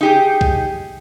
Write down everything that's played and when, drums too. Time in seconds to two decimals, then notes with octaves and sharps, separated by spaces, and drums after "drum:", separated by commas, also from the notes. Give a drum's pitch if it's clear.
0.01 D#4 G4 G#4
0.41 drum: kick